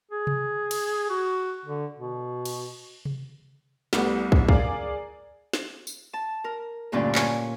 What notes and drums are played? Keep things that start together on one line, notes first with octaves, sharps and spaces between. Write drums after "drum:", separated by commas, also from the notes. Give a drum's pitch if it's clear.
G#4
drum: tom C3
drum: cymbal
F#4
D3
B2
drum: cymbal
drum: tom C3
C2 G3 A3 B3, drum: snare
drum: kick
G#4 A#4 D5 F5, drum: kick
drum: snare
drum: tambourine
A5
A#4
D2 G2 A#2 D3 C#4 D5
C#5 G#5, drum: clap